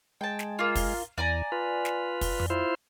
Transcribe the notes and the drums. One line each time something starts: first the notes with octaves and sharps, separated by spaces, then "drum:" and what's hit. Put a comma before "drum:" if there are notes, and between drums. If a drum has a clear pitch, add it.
G#3 G5 A5
drum: snare
A#3 F4
drum: kick, open hi-hat
E2 D5 G#5 A#5
F4 B4
drum: snare
drum: kick, open hi-hat
drum: tom F2
E4 F4 C5